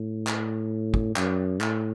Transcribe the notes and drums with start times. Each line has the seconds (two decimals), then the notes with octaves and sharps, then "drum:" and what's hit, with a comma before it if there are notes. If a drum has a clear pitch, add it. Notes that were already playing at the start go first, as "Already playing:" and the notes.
Already playing: A2
0.27 drum: clap
0.94 drum: kick
1.16 F#2, drum: clap
1.61 A2, drum: clap